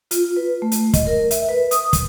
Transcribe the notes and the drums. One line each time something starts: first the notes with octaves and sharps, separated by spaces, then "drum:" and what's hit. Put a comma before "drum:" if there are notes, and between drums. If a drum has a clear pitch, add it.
F4, drum: hi-hat
B4
A3
drum: hi-hat
D#5, drum: kick, hi-hat
A#4
E5, drum: hi-hat
B4
D#6, drum: hi-hat
drum: kick, hi-hat